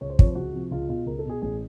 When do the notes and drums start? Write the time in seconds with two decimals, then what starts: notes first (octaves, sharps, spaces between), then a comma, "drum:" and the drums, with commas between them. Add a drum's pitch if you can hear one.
0.01 C#2 C#5
0.10 C5
0.19 C3 F3 C#5, drum: kick
0.27 C5
0.35 C#2 F#4
0.53 C3 F3
0.71 C#2 F4
0.88 B2 F4
1.06 C#2 A#4
1.19 A4
1.25 B2 G#4
1.42 A1 G#4